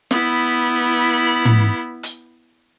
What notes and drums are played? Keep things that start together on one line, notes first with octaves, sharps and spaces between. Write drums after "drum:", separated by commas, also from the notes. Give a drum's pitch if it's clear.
B3 E4, drum: snare
drum: tom
drum: hi-hat